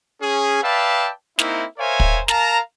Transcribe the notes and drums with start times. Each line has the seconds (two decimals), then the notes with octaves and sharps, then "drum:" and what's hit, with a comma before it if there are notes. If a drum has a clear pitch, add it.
0.21 C#4 G#4
0.62 B4 D5 E5 F5 G5 A5
1.39 A#3 C4 D#4 E4, drum: snare
1.79 A#4 C5 C#5 E5 F5 G#5
2.00 drum: kick
2.28 A#4 F5 A5 A#5, drum: snare